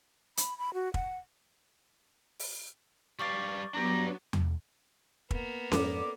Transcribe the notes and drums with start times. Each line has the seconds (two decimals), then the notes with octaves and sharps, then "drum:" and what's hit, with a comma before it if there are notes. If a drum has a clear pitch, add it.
0.37 B5, drum: hi-hat
0.58 B5
0.74 F#4
0.94 F#5, drum: kick
2.39 drum: open hi-hat
3.19 G3 F5 C#6 D6 A6
3.74 F#3 B3 D4 G4 A#5
4.33 drum: tom E2
5.31 A#3 B3, drum: kick
5.72 F2 G#2 A4 D5 D6, drum: snare C#4